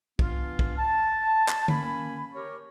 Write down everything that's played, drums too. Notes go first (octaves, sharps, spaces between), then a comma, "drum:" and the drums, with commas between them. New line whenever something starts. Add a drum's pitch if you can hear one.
E3 B3 D4 F4, drum: kick
drum: kick
A5
drum: clap
D#3 A#3 C#4 G#5 B5, drum: tom D3
G4 A#4 C#5